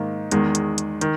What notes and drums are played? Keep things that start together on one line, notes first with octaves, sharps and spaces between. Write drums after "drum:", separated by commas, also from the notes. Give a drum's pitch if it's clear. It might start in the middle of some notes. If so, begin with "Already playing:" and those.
Already playing: G#2 D#3 A#3
E2 D#3 G#3, drum: hi-hat
drum: hi-hat
drum: hi-hat
D#3, drum: hi-hat